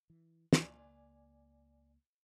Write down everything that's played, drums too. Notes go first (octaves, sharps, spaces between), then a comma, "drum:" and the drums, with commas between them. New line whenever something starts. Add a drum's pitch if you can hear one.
E3
C#2 A#3 D5 G#5, drum: snare